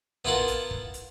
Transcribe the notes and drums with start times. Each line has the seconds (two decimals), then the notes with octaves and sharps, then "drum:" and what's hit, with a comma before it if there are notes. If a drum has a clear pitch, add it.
0.25 B3 E4 F4 A#4 F#5 A5, drum: tom
0.48 drum: hi-hat
0.71 drum: kick
0.94 drum: hi-hat